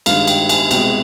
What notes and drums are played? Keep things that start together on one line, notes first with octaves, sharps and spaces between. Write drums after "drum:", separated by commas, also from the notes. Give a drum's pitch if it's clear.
G2 D#3 G#3 F5, drum: cymbal
G5, drum: cymbal
G#5, drum: cymbal
C2 B2 G#3 G5, drum: cymbal